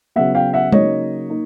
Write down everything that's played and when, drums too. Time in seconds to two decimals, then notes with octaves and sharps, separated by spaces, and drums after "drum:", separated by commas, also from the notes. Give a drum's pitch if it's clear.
0.16 C#3 F#3 B3 E5 F#5
0.35 F5 G5
0.53 E5 F#5
0.72 C#3 F#3 A#3 D#4 C#5 D#5, drum: tom G#3
1.30 A#3 D#4